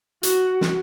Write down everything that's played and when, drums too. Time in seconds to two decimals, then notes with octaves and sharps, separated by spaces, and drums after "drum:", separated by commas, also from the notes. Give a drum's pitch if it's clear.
0.23 F#4, drum: hi-hat
0.61 drum: snare